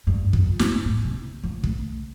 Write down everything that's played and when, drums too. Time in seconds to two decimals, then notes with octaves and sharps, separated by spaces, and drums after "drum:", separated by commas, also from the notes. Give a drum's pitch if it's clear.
0.07 G2
0.33 F2, drum: kick
0.59 G2, drum: snare
0.85 A2
1.04 C3
1.43 F3
1.64 A3, drum: kick